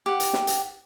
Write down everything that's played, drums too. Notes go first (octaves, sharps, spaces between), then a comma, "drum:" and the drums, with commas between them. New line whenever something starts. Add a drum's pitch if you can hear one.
G4 F#5
drum: hi-hat
drum: snare
drum: hi-hat